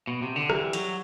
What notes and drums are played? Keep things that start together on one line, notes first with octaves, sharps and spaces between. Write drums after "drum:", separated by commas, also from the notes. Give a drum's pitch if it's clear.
B2
C3
D3
E3 G3, drum: rim click
F#3, drum: hi-hat